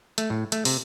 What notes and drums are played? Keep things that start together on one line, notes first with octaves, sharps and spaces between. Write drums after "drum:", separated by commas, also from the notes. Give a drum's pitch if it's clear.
A3, drum: hi-hat
A2
A3, drum: hi-hat
C3, drum: open hi-hat